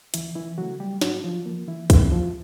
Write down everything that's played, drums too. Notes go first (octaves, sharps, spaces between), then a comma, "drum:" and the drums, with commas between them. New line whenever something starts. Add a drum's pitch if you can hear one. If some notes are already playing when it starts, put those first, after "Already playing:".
D2 E3 E4, drum: hi-hat
E3 E4
C#3 F#3 A3 F#4
G3 G4
G#2 F#3 F#4, drum: snare
F3 F4
F3 A#3
E3 E4
D#2 E3 E4, drum: kick, hi-hat
F3 F4